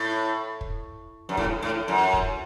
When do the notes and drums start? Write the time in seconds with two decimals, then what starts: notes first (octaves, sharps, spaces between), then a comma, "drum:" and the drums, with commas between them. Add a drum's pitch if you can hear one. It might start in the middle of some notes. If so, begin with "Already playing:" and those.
Already playing: A2
0.61 drum: kick
1.29 F#2
1.37 A2, drum: kick
1.62 A2
1.88 F#2
2.13 drum: kick